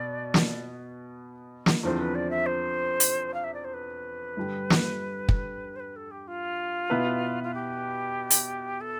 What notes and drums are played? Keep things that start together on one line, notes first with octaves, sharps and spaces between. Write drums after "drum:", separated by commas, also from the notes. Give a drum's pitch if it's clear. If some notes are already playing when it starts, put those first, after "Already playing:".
Already playing: B2 B3 D5
drum: snare
drum: snare
E2 D3 F3 C4 C5
B4
D5
E5
C5
drum: hi-hat
F5
E5
D5
C5
B4
G2 D3 G3
drum: snare
drum: kick
C5
B4
A4
G4
F4
B2 B3 E4 B4
F4
G4
drum: hi-hat
A4